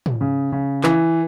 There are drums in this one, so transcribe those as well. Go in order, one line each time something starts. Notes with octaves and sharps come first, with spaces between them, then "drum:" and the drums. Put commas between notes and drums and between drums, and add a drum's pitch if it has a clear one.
drum: tom
C#3
C#3
E3, drum: clap